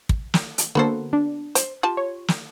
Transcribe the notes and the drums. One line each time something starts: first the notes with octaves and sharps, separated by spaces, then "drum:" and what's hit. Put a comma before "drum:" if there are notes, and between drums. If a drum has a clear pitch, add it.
drum: kick
drum: snare
drum: hi-hat
D3 A#3 B3 F#4 A4 C5
D4
C5, drum: hi-hat
F4 G4 A5
C#5
drum: snare